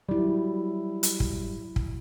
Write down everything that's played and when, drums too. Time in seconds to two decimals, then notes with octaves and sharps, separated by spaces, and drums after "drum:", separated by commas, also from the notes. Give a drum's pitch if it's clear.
0.09 F#3 G3 E4
1.03 drum: hi-hat
1.20 drum: kick
1.76 drum: kick